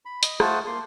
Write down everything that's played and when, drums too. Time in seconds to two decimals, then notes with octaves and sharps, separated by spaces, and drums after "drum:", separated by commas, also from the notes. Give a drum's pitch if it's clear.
0.05 B5
0.23 D#5, drum: hi-hat
0.40 A3 F4 C5 F#5 A5 D#6, drum: rim click
0.67 A#3 C6